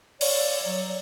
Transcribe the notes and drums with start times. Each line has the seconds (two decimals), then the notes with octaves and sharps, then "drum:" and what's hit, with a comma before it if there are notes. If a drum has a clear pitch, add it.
0.21 C#5 D5, drum: open hi-hat
0.63 F#3